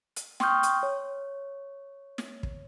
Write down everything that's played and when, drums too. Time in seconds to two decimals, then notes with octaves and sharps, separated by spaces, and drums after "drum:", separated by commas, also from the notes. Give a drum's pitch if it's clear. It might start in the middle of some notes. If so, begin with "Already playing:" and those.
0.16 drum: hi-hat
0.40 G5 C6 C#6 D#6 F6 G6, drum: snare
0.63 drum: hi-hat
0.83 C#5
2.18 drum: snare
2.43 drum: kick